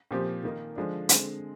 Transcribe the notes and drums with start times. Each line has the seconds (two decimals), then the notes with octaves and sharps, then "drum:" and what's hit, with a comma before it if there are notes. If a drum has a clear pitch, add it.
0.11 A#2 F3 C4 G4
0.43 D#3 A#3 D#4
0.76 D3 F3 G#3 D4
1.09 D3 G#3 C4, drum: hi-hat